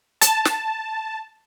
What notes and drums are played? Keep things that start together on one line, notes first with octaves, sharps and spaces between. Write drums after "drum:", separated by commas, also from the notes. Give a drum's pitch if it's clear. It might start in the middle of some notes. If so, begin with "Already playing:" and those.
A5, drum: hi-hat
drum: snare